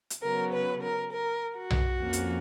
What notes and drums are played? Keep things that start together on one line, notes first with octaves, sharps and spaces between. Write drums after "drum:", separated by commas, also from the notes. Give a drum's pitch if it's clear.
drum: hi-hat
C#3 F#3 B3 A#4
B4
A#4
A#4
F#4
drum: tom B1
F2 F3 A#3 C#4
drum: hi-hat